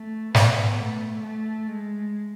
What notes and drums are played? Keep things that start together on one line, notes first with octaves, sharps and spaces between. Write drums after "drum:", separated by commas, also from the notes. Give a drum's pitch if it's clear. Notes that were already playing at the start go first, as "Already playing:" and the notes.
Already playing: A3
B3, drum: snare
A3
A3
G#3